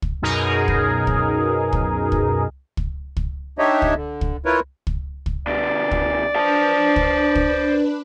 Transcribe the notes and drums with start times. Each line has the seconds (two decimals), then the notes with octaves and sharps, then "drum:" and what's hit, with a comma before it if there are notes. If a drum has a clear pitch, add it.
0.02 drum: kick
0.22 F#2 B2 D#4 G#4 A#4
0.68 drum: kick
1.07 drum: kick
1.73 drum: kick
2.12 drum: kick
2.77 drum: kick
3.17 drum: kick
3.58 D4 D#4 G4 C#5 D#5 E5
3.82 drum: kick
3.95 D3
4.21 drum: kick
4.45 E4 F4 A#4 B4 C#5
4.87 drum: kick
5.26 drum: kick
5.47 B2 D3 D5
5.91 drum: kick
6.36 D4 B4 C5 A5
6.96 drum: kick
7.35 drum: kick